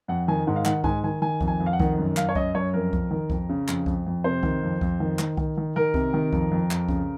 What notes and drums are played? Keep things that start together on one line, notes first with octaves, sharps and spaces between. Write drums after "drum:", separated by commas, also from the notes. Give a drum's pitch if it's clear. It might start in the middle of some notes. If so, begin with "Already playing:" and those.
F2 F#5
D#3 G#5
G#2 F#5
F5
D#3 F#5, drum: clap
G#2 G#5, drum: kick C2
D#3 G#5
D#3 G#5
F2, drum: kick C2
G#5
F2
F5
F#5
D#3, drum: kick C2
F#2
F#2 F5, drum: clap
C#5
F#2 D#5, drum: kick C2
F#2 C#5
F2 A#4
F2, drum: kick C2
D#3
F2, drum: kick C2
C#3
F2, drum: clap
F2, drum: kick C2
F2
C3 C5
D#3, drum: kick C2
F2
F2, drum: kick C2
D#3
D#3, drum: clap
D#3, drum: kick C2
D#3
D#3 A#4
C3, drum: kick C2
D#3
F2, drum: kick C2
F2
F2, drum: clap
C#3, drum: kick C2